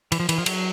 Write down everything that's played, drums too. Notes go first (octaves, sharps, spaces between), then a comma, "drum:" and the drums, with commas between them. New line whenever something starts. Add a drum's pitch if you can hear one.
E3, drum: cymbal
F3
E3, drum: cymbal
F3
F#3, drum: cymbal